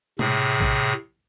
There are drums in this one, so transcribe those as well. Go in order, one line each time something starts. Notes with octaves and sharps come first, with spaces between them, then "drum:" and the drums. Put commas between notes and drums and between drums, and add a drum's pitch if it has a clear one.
A2 C3 G#4, drum: tom
drum: kick A#1